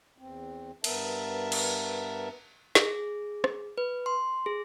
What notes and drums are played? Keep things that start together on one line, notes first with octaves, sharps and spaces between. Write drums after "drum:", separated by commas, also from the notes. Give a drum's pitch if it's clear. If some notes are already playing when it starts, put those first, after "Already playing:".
E2 C4
G2 B3 A#4 E5 A5, drum: cymbal
drum: cymbal
G#4, drum: snare
drum: rim click
B4
C6
G#4